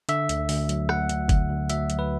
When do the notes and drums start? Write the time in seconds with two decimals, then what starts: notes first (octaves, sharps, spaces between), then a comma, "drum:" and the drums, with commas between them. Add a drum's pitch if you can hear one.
0.09 D3 E5, drum: hi-hat
0.29 D2, drum: hi-hat
0.49 D2, drum: open hi-hat
0.69 F#3, drum: hi-hat
0.89 D2 F#5, drum: rim click
1.09 D2, drum: hi-hat
1.29 D2, drum: kick F#1, hi-hat
1.50 D2
1.69 D2 E5, drum: hi-hat
1.90 F#3, drum: hi-hat
1.99 B4